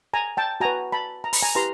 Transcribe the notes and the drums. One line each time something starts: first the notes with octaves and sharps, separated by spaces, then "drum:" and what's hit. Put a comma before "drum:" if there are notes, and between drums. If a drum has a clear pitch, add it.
G#5 A#5
G5 A5
F#4 B4 G#5 A#5
A5 B5
A#5
B5, drum: open hi-hat
G#5 A#5
E4 G4 B4 A#5 C6